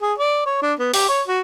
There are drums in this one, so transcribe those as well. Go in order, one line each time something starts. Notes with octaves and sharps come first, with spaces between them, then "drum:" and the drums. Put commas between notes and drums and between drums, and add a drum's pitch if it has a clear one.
G#4
D5
C#5
D4
B3
G4, drum: open hi-hat
C#5
F#4